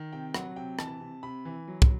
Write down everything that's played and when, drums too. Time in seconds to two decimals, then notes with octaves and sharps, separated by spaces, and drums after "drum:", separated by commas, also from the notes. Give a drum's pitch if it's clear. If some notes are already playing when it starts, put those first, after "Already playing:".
Already playing: D#3
0.13 C3 G5
0.34 F#3 F#5, drum: rim click
0.56 C3 G5
0.79 E3 A5, drum: rim click
1.01 C3
1.23 C3 B5
1.45 E3
1.68 F#3
1.82 drum: kick